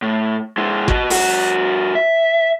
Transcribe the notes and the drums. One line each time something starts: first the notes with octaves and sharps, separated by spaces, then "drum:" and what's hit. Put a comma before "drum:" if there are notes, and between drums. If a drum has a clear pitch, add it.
A2
G#3 E4
F#4 D#5, drum: kick
G2 F#4, drum: open hi-hat
E5